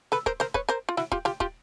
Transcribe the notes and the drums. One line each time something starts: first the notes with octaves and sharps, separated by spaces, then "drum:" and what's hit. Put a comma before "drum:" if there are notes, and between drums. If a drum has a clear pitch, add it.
A4 B4, drum: snare
A#4 C5, drum: kick
A#4 C5, drum: snare
B4 C#5, drum: kick
A#4 C5
F4
E4 F#4, drum: snare
F4 G4, drum: kick
F4 G4, drum: snare
F4 G4, drum: kick